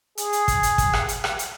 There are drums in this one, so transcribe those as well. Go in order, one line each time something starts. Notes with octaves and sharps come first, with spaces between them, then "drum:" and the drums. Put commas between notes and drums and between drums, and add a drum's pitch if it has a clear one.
G#4, drum: hi-hat
drum: hi-hat
drum: kick, hi-hat
drum: hi-hat
drum: kick, hi-hat
drum: rim click
drum: hi-hat
drum: rim click
drum: hi-hat